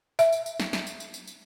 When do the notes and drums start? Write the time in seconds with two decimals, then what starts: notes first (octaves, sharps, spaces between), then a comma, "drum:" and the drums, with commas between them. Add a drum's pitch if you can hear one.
0.19 E5, drum: tambourine
0.32 drum: tambourine
0.46 drum: tambourine
0.60 drum: snare
0.73 drum: snare
0.87 drum: tambourine
1.00 drum: tambourine
1.14 drum: tambourine
1.27 drum: tambourine